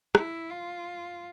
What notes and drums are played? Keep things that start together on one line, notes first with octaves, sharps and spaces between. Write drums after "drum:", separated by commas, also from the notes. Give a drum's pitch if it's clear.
E4, drum: rim click
F4